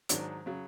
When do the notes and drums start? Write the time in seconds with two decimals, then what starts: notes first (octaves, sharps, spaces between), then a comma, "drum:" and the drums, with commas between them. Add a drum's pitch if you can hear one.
0.09 G#2 D#3 F#3 D4, drum: hi-hat
0.46 C#3 F#3